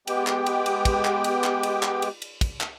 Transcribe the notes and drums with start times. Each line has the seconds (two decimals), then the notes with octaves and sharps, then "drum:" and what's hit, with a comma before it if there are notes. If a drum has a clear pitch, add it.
0.07 G#3 B3 G4 G5, drum: cymbal
0.27 drum: clap
0.46 drum: cymbal
0.66 drum: cymbal
0.85 drum: kick, cymbal
1.05 drum: clap
1.24 drum: cymbal
1.44 drum: clap
1.63 drum: cymbal
1.83 drum: clap
2.02 drum: cymbal
2.22 drum: cymbal
2.41 drum: kick, cymbal
2.61 drum: clap